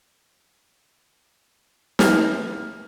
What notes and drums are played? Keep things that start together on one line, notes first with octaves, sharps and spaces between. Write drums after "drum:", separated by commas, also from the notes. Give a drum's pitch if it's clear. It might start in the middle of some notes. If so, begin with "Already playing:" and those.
F6, drum: snare